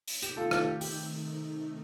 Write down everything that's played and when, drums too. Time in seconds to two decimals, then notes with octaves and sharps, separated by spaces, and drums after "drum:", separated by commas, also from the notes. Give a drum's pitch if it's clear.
0.08 drum: open hi-hat
0.22 C3 D#3 A3 D#4 G4, drum: hi-hat
0.37 F4 A4
0.51 F4 A4, drum: rim click
0.67 G4
0.81 G4, drum: open hi-hat